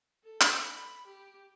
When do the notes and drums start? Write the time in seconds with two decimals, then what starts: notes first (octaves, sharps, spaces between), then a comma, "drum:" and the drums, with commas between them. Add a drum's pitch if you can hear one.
0.24 A4
0.41 drum: clap
0.64 B5
1.06 G4